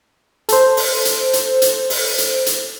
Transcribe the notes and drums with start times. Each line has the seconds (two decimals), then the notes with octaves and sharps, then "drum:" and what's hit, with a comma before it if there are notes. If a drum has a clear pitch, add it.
0.49 A4 C5, drum: hi-hat
0.77 drum: open hi-hat
1.05 drum: hi-hat
1.33 drum: hi-hat
1.62 drum: hi-hat
1.90 drum: open hi-hat
2.18 drum: hi-hat
2.46 drum: hi-hat